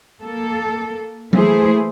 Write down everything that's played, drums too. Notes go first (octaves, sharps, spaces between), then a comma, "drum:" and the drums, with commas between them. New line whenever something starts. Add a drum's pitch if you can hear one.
A#3 A4
E3 A3 A#3 E4 G#4 C5, drum: tom F#3